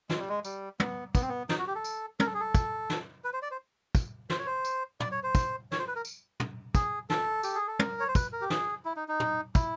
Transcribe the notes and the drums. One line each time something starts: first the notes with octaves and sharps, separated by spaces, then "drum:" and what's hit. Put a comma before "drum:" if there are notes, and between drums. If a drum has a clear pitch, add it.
G#3, drum: snare
G3
G#3
G3, drum: tambourine
B3, drum: tom
B3, drum: kick, tambourine
C4
B3
D#4, drum: snare
F#4
G4
A4
drum: tambourine
A#4, drum: tom
A4
G#4
A4
drum: kick, tambourine
drum: snare
B4
C5
D5
C5
drum: kick, tambourine
C5, drum: snare
C#5
C5
drum: tambourine
D5, drum: tom
C#5
C5
drum: kick, tambourine
C#5, drum: snare
C5
B4
A#4
drum: tambourine
drum: tom
G#4, drum: kick, tambourine
A4, drum: snare
G4, drum: tambourine
G#4
A4
A#4, drum: tom
C#5
C5
B4, drum: kick, tambourine
A#4
G4
G#4, drum: snare
E4
D#4
D#4
drum: tom
E4, drum: kick, tambourine